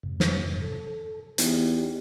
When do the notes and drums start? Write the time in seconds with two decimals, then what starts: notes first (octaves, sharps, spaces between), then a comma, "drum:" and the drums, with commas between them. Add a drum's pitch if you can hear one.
0.03 F2 G#2 C3
0.20 drum: snare
0.62 A4
1.38 E2 D#4 G4, drum: hi-hat